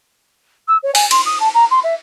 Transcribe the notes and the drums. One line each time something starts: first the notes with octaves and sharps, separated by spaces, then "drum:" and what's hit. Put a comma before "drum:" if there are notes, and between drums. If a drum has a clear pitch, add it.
E6
C#5
G#5, drum: open hi-hat
C6, drum: cymbal
D#6
A5
A#5
C6
E5